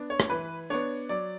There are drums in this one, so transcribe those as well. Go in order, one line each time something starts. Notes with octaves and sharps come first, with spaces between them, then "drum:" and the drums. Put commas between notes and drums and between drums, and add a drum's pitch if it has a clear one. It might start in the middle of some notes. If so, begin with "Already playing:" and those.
Already playing: B3 D4
C#5
drum: rim click
E3 B4
B3 D4 C#5
F#3 D5